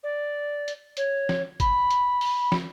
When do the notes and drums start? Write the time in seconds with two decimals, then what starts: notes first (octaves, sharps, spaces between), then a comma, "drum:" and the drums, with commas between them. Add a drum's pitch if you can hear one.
0.03 D5
0.68 drum: hi-hat
0.97 C#5, drum: hi-hat
1.29 drum: snare
1.60 B5, drum: kick, hi-hat
1.90 drum: hi-hat
2.21 drum: open hi-hat
2.52 drum: snare